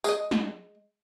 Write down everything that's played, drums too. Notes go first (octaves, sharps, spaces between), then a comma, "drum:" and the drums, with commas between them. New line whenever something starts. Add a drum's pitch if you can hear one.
G#3 D#5, drum: tambourine
drum: snare